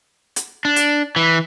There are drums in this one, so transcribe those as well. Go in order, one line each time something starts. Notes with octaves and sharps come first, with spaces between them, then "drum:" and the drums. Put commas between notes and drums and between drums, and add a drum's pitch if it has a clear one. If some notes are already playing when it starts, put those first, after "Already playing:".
drum: hi-hat
D4
drum: hi-hat
E3